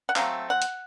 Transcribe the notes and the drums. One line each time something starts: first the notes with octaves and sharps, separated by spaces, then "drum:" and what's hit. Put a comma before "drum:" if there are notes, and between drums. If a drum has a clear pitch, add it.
F#5
F#3 A3 C4 F5, drum: clap
F#5
drum: hi-hat